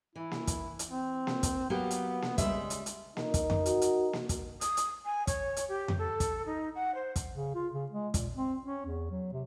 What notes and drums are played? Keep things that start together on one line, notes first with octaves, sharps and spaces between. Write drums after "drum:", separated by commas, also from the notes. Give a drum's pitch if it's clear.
E3 E4
drum: snare A#3
drum: kick, hi-hat
drum: hi-hat
C4
drum: snare A#3
drum: kick, hi-hat
F#3 A#3 B3 G4
drum: hi-hat
drum: snare A#3
C#3 G3 G#3 E5, drum: kick, hi-hat
drum: hi-hat
drum: hi-hat
D#4 A#4, drum: snare A#3
drum: kick, hi-hat
drum: tom F2
F#4, drum: hi-hat
drum: hi-hat
drum: snare A#3
drum: kick, hi-hat
D#6, drum: hi-hat
drum: hi-hat
G#5
C#5, drum: kick, hi-hat
drum: hi-hat
G4
drum: tom F2
A4
drum: kick, hi-hat
D#4
F#5
C5
drum: kick, hi-hat
C#3
F4
C#3
G#3
A#2, drum: kick, hi-hat
C4
C#4
E2
F#3
C3